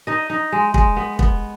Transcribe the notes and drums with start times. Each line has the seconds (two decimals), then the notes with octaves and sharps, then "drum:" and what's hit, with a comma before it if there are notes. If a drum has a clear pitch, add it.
0.07 D#4 D#5
0.30 D#4
0.52 G#3
0.74 G#3, drum: kick
0.97 B3
1.19 B3, drum: kick